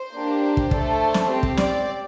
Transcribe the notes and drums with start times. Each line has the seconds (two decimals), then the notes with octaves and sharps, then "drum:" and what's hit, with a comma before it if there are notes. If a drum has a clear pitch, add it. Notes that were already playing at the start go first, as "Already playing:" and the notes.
Already playing: C5
0.14 A#3 D4 G4
0.42 C5
0.57 drum: kick
0.71 A3 D4 A4, drum: kick
1.14 drum: snare
1.29 C4 G4
1.43 drum: kick
1.57 D5, drum: snare